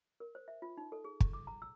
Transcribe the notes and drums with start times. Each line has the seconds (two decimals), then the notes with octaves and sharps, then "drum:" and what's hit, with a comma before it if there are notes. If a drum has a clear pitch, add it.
0.20 A#4
0.35 C5
0.48 E5
0.62 F4
0.77 D#4
0.92 A4
1.04 G#4
1.20 C#6, drum: kick
1.33 D6
1.47 A#5
1.62 E6